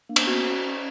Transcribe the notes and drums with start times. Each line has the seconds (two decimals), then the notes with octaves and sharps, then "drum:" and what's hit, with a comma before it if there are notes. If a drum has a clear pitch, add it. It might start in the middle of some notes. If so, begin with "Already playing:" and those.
0.09 A#3 D4
0.16 C#4, drum: cymbal
0.24 B3
0.27 C#4 F#4